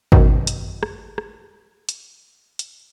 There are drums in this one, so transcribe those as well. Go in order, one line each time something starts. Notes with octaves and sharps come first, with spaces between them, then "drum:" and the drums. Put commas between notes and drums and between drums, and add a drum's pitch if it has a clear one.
F#2 B2 D#3, drum: kick G#1
drum: hi-hat
drum: rim click
drum: rim click
drum: hi-hat
drum: hi-hat